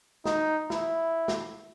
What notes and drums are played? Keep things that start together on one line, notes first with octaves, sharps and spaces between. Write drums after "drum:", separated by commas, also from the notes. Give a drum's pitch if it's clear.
D#4, drum: snare
E4, drum: snare
drum: snare